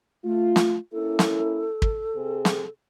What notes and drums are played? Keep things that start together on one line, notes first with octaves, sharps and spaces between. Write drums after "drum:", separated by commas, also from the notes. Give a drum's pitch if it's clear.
A3 F4
drum: snare
A#3 C#4 E4 A4
drum: snare
drum: kick
C3 C4 G#4
drum: snare